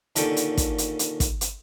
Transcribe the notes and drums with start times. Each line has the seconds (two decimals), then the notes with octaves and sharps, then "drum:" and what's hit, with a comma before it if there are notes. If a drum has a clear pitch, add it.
0.16 D#2 A#2 D3 C#4 A4 G5, drum: hi-hat
0.37 drum: hi-hat
0.57 drum: kick, hi-hat
0.78 drum: hi-hat
0.99 drum: hi-hat
1.20 drum: kick, hi-hat
1.41 drum: hi-hat